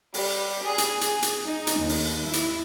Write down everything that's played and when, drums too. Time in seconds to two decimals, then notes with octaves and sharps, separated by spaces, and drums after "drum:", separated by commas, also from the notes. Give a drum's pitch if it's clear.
0.14 G3, drum: open hi-hat
0.65 G#4
0.78 drum: hi-hat
1.01 G#4, drum: hi-hat
1.22 drum: hi-hat
1.45 D#4
1.67 drum: hi-hat
1.77 D#2
1.89 drum: open hi-hat
2.23 E4
2.33 drum: hi-hat